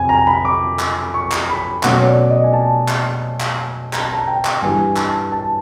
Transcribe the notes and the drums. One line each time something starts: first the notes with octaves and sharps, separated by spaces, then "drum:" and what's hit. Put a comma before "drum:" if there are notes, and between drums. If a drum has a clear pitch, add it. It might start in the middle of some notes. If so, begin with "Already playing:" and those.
Already playing: F2 C3 G#5
A#5
B5
D6
drum: clap
C#6
drum: clap
B5
B2 F#3 A3 C#4 F#5, drum: clap
C#5
D5
D#5
G#5
A5
drum: clap
drum: clap
A#5, drum: clap
A5
A#5
G5
drum: clap
G2 E3 G3 G#5
A5, drum: clap
A5